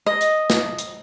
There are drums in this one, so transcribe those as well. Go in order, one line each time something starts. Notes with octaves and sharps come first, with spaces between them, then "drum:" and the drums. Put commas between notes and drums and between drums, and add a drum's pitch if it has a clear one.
D#5
drum: hi-hat
drum: snare
drum: hi-hat